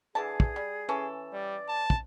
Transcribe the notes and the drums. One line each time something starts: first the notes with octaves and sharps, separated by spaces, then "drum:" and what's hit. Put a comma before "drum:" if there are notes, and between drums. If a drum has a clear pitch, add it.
D3 E3 G#4 A5
drum: kick
G3
E3 C#4 A4
G3 D5
A5
drum: kick